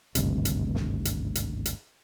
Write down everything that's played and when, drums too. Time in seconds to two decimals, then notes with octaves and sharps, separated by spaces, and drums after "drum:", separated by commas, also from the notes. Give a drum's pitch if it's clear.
0.15 G#1 D2 G2 C3, drum: hi-hat
0.45 drum: hi-hat
0.75 drum: snare
1.05 drum: hi-hat
1.35 drum: hi-hat
1.65 drum: hi-hat